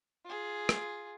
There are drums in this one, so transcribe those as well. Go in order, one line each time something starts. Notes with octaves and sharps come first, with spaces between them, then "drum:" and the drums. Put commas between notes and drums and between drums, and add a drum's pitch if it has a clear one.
F4 G#4
drum: rim click